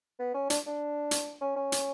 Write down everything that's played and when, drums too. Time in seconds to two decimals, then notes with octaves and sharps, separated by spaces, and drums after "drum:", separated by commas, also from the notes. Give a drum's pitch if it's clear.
0.20 B3
0.34 C#4
0.50 D4, drum: hi-hat
0.67 D4
1.11 drum: hi-hat
1.41 C#4
1.56 C#4
1.72 drum: hi-hat